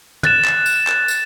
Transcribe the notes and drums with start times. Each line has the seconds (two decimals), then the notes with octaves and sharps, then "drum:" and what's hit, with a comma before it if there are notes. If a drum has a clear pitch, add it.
0.23 F#6 A6 E7, drum: tom
0.45 drum: clap
0.66 drum: tambourine
0.87 drum: clap
1.08 drum: tambourine